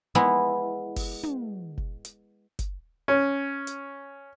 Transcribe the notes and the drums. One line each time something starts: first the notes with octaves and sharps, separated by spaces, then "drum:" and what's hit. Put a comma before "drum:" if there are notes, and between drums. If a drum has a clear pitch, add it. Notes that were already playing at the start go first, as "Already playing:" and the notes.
G#3 B3 E4
drum: kick F#1, open hi-hat
drum: tom
drum: kick F#1
drum: hi-hat
drum: kick F#1, hi-hat
C#4
drum: hi-hat